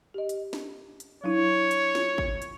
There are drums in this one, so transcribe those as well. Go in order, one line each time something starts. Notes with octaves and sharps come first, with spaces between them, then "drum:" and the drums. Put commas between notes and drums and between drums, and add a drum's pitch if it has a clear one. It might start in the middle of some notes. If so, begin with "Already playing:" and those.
G4 D#5
drum: hi-hat
drum: snare
drum: hi-hat
F#3 D4 E4 C#5
drum: hi-hat
F4, drum: snare
drum: kick
drum: hi-hat